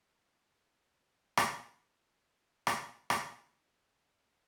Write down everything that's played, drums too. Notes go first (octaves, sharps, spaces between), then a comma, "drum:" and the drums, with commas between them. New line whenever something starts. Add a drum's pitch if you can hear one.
G#5
C#6
G#2
D4
G2
B4
drum: rim click
A#1 C3
drum: rim click
drum: rim click
F#3 C#5 G5
G#4 B5 D6